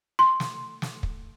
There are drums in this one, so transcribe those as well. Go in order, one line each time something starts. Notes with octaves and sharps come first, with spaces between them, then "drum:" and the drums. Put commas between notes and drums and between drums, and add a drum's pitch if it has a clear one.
C6
drum: snare
drum: snare
drum: kick